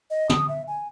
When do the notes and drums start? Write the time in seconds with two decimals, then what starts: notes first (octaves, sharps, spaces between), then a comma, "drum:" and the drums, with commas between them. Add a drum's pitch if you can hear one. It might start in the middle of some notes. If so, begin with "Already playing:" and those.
0.10 D#5
0.30 D#6, drum: tom
0.49 E5
0.67 G#5